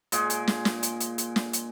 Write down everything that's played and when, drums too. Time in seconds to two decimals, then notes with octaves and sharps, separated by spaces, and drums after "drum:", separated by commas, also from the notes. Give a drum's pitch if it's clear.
0.12 A#2 G#3 G#4, drum: hi-hat
0.30 drum: hi-hat
0.48 drum: snare
0.65 drum: snare
0.83 drum: hi-hat
1.00 drum: hi-hat
1.18 drum: hi-hat
1.36 drum: snare
1.53 drum: hi-hat